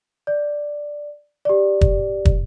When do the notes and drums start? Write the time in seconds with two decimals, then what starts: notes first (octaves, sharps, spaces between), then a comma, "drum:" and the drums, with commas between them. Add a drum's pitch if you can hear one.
0.27 D5
1.45 G4 D5
1.81 drum: kick
2.25 drum: kick